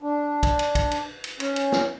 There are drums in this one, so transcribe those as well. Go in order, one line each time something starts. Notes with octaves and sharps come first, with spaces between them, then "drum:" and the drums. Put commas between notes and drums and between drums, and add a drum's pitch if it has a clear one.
D4
drum: kick, cymbal
drum: cymbal
drum: kick, cymbal
drum: cymbal
drum: cymbal
C#4, drum: cymbal
drum: cymbal
drum: snare